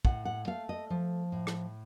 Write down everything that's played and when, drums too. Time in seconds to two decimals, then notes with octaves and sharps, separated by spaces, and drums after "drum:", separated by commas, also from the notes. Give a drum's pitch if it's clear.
0.05 A2 F#5, drum: kick
0.25 F#5
0.47 A3 F5
0.69 D#5
0.90 F3
1.32 A2
1.47 drum: rim click